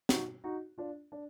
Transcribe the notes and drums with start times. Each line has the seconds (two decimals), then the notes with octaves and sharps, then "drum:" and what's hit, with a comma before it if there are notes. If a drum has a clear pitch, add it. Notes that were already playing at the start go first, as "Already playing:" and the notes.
0.09 D#4 F#4, drum: snare
0.44 D#4 F#4
0.78 D4 F4
1.12 D4